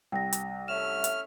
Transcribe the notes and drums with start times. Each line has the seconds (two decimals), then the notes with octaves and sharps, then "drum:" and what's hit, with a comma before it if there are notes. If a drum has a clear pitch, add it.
0.12 C2 G5 A#6
0.33 drum: hi-hat
0.68 A3 C#4 E5 F6 E7
1.04 drum: hi-hat